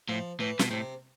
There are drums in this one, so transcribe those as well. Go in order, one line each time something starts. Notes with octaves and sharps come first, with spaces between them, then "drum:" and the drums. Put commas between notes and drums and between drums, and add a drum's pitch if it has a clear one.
A2 F3
A2 E3
B2, drum: snare
A2 C3